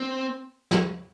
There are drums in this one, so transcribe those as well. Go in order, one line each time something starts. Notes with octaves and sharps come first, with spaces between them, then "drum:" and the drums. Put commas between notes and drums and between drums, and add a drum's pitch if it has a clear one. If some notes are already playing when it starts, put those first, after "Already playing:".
Already playing: C4
drum: snare